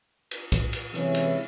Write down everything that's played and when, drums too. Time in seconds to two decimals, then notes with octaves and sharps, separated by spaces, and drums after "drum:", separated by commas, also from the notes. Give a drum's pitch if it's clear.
0.31 drum: cymbal
0.52 drum: kick B1, cymbal
0.73 drum: cymbal
0.94 C3 E3 G#3 C#4 E4, drum: rim click
1.15 drum: cymbal